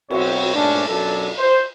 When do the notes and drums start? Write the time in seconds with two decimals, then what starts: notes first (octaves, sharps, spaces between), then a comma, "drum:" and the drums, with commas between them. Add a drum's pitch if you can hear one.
0.10 B1 C4 F#4 C#5, drum: cymbal
0.55 G#2 B2 A3 C#4 D4
0.88 B1 F#2 F#3 D4 A4
1.38 C5